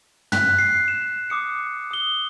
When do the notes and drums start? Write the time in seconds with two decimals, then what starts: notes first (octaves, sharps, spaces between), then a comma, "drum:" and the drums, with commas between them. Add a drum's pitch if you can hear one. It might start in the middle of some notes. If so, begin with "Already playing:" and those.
0.32 F#6 B6, drum: tom
0.59 C7
0.88 E7
1.30 D6 D#6 C#7
1.91 D#6 G7